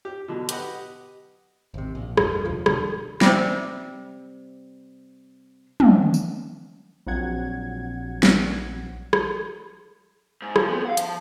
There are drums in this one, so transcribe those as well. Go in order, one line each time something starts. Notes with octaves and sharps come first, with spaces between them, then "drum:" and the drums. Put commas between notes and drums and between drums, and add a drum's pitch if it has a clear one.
G4
B2 D3 F#3
G4 B4 D#5 F#5, drum: hi-hat
G#1 C3
A#1
F1 G2, drum: rim click
E1 C#2 F3
F1 B2 D3 G3, drum: rim click
C3 G3, drum: snare
drum: tom
drum: tambourine
A#1 F#3 C4 F#5 G#6
drum: snare
drum: rim click
G#2
F3, drum: rim click
B3 C4
F5 F#5
F3, drum: hi-hat